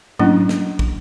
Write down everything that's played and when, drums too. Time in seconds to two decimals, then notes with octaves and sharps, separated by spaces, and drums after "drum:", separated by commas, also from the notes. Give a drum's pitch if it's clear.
0.19 F#3 A3 A#3 C#4 D4 E4, drum: tom G#2
0.49 drum: snare
0.79 drum: kick